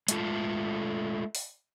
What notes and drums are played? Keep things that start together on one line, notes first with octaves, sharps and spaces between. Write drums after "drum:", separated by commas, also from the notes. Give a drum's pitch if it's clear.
G#3 A3 F4 A4, drum: hi-hat
drum: open hi-hat